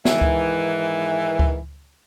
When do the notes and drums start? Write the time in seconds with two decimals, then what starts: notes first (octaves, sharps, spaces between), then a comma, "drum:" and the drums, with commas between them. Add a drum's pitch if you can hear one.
0.05 G#2 D#3 E3, drum: snare
0.21 drum: kick C#2
1.39 drum: kick C#2